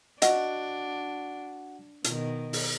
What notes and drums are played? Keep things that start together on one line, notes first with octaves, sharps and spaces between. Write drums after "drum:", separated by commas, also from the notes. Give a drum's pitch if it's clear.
D4 F#4 D#5, drum: hi-hat
B2 D#3, drum: hi-hat
drum: open hi-hat